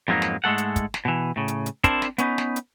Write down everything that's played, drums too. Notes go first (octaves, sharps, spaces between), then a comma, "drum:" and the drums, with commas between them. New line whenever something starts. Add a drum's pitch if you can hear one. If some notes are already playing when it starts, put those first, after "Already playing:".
F2 G#2 F#3 A#3 B3 D#4
drum: snare
G#2 G#3 A3 A4 F#5
drum: hi-hat
drum: kick, hi-hat
drum: snare
B2 E3
A2 C#3
drum: hi-hat
drum: hi-hat
C4 D4 E4 A#4 C5 A5, drum: kick, hi-hat
drum: snare
B3 C#4 D#4 B4, drum: hi-hat
drum: snare
drum: hi-hat